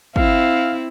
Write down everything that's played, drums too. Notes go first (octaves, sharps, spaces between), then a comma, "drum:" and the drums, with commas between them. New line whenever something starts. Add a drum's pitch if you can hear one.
C4 E4 F5, drum: kick